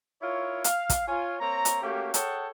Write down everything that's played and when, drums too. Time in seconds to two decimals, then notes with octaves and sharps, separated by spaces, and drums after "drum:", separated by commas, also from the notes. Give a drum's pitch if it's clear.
0.22 E4 F4 A#4 C#5
0.64 F5, drum: hi-hat
0.90 drum: kick, hi-hat
1.07 F4 C#5 G#5
1.40 A#3 C4 C#5 A#5
1.65 drum: hi-hat
1.82 A3 A#3 C#4 F#4 G4
2.14 G#4 A4 C#5 F#5 G5 A5, drum: hi-hat